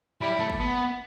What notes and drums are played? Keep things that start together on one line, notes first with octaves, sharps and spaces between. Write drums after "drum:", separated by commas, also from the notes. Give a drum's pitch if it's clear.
G3 E4
A3
drum: kick
B3